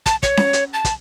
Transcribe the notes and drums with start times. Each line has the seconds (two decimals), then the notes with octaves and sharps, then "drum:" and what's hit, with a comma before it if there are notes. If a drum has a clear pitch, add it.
0.06 A5, drum: kick, hi-hat
0.23 C#5, drum: kick, hi-hat
0.37 drum: snare C#4
0.53 drum: hi-hat
0.74 A5
0.85 drum: kick, hi-hat